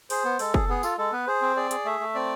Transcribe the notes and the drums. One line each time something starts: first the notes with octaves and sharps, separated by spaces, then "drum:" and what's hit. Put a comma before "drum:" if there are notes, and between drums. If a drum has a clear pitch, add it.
G#4 C5, drum: open hi-hat
B3
G#3 A4, drum: open hi-hat
G#4, drum: kick
B3 G#4
F4 A4, drum: tambourine
G#3 A4
B3 B4
G#4 C5
C4
G#4 D5
G#4, drum: hi-hat
A3 E5
A3
C4 D5